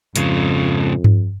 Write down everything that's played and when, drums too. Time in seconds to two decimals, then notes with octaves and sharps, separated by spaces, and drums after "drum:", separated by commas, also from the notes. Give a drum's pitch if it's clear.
0.16 F2 G#2 C#3, drum: hi-hat
1.04 drum: tom G2